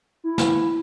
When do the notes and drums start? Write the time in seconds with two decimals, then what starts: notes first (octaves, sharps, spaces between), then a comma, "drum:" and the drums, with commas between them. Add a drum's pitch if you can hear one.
0.24 E4
0.38 drum: snare